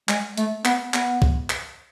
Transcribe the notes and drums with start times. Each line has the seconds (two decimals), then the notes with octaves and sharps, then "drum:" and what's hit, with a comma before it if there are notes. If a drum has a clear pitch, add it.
0.09 G#3, drum: clap
0.37 A3, drum: hi-hat
0.65 B3, drum: clap
0.94 B3, drum: clap
1.22 drum: kick
1.50 drum: clap